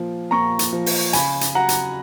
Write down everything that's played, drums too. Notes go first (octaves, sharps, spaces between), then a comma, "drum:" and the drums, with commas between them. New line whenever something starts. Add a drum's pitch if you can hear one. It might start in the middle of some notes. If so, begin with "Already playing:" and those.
Already playing: A#2 F3
A#2 A#5 C#6
drum: hi-hat
F3
drum: open hi-hat
C#3 G#5 B5, drum: hi-hat
drum: hi-hat
F#3 F#5 A#5
drum: hi-hat